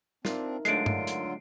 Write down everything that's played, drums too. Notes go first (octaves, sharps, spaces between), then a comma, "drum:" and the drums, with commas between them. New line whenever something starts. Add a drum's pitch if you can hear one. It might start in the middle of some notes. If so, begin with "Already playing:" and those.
C4 D4 D#4 F4 A#4 E5, drum: snare
D3 F#3 G#3 A3 D4 F4 C7 D7, drum: hi-hat
drum: tom G2
drum: hi-hat